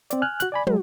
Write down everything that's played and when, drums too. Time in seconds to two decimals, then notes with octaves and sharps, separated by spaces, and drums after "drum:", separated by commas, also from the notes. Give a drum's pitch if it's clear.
0.10 C4 D5, drum: hi-hat
0.22 G#5 F6 F#6
0.40 F#4 F#6, drum: hi-hat
0.52 D5 G#5 B5
0.67 F#3 G#3, drum: tom